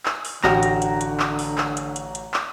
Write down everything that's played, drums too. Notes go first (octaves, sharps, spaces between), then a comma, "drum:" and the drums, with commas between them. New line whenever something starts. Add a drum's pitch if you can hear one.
drum: clap
drum: open hi-hat
A1 D3 F#4 G5 A#5, drum: clap
drum: hi-hat
drum: hi-hat
drum: hi-hat
drum: clap
drum: open hi-hat
drum: clap
drum: hi-hat
drum: hi-hat
drum: hi-hat
drum: clap